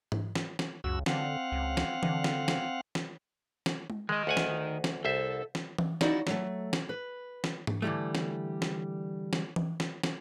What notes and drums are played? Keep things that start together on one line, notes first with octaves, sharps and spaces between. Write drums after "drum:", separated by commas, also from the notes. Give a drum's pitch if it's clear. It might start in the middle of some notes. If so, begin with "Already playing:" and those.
drum: tom G#2
drum: snare
drum: snare
C#2 F#2 F#4 E6
D3 C4 F5 F#5, drum: snare
C#2
drum: snare
D3, drum: tom E3
drum: snare
drum: snare
drum: snare
drum: snare
drum: tom G#3
D#3 G#3 D#5
D2 F#5 G#5
drum: snare
drum: snare
C2 A4 C5 E5
drum: snare
drum: tom E3
A#3 D#4 E4 F#4 D5 D#5, drum: snare
F#3 A3, drum: snare
drum: snare
B4
drum: snare
drum: tom G#2
D3 E3 G3 A3
drum: snare
drum: snare
drum: snare
drum: tom E3
drum: snare
drum: snare